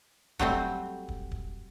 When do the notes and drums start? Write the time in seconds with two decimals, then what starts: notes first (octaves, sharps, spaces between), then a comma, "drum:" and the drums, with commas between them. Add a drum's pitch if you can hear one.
0.39 F#3 G3 A3 C4, drum: kick
1.08 drum: kick
1.31 drum: kick